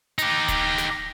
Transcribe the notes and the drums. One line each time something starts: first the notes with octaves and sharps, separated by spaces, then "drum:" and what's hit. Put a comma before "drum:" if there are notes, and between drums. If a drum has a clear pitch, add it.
D#4 G4, drum: hi-hat
drum: kick D1, hi-hat
drum: snare